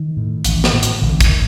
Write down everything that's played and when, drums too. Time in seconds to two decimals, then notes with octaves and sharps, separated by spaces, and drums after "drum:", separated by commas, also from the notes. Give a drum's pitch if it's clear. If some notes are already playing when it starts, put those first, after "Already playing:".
Already playing: D#3
0.17 A2
0.45 A1, drum: hi-hat
0.64 drum: snare
0.73 A2
0.83 drum: hi-hat
1.02 A1 D3
1.21 D#3, drum: kick, hi-hat
1.29 A2